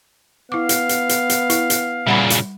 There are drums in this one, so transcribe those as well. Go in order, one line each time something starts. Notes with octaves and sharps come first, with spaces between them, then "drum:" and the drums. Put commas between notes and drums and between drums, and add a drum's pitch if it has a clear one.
B3 E4 F5 D6
drum: hi-hat
drum: hi-hat
drum: hi-hat
drum: hi-hat
E4, drum: hi-hat
drum: hi-hat
A#2 C#3 G3 F#5 B5
drum: hi-hat